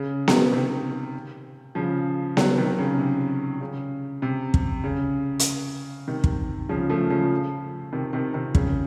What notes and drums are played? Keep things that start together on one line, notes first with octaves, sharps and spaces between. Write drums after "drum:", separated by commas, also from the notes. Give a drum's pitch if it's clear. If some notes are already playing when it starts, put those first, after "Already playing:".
Already playing: C#3
drum: snare B3
C3 D#3
C#3 F3
D#3 F#3, drum: snare B3
C3 D#3
C#3
C3
C#3
C3
drum: kick
C#3
drum: hi-hat
C3 D#3
drum: kick
C#3 F3
F3 A3
C#3 F3
C3 D#3
C3 D#3
C3 D#3
C#3, drum: kick